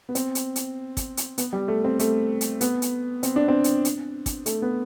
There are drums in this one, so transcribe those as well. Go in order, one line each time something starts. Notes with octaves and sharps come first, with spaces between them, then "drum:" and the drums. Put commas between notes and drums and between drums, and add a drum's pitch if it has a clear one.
B3
C4, drum: hi-hat
drum: hi-hat
drum: hi-hat
drum: kick, hi-hat
drum: hi-hat
B3, drum: hi-hat
G3
A3
C4
A3, drum: hi-hat
drum: hi-hat
B3, drum: hi-hat
drum: hi-hat
C4, drum: hi-hat
D4
C4
drum: hi-hat
drum: hi-hat
drum: kick, hi-hat
A3, drum: hi-hat
B3